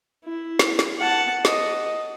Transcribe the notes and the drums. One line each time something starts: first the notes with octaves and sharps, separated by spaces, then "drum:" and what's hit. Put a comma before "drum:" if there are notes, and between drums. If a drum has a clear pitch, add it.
E4
drum: snare
drum: snare
F#5 A5
D#5, drum: snare